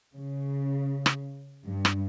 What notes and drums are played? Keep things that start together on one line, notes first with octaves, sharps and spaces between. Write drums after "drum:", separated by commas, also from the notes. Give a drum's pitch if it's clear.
C#3
drum: rim click
G2
drum: rim click